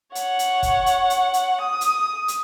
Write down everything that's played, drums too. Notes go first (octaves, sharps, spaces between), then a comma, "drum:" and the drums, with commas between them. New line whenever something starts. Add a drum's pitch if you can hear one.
C#5 F#5, drum: hi-hat
drum: hi-hat
drum: kick, hi-hat
drum: hi-hat
drum: hi-hat
drum: hi-hat
D#6
drum: hi-hat
drum: hi-hat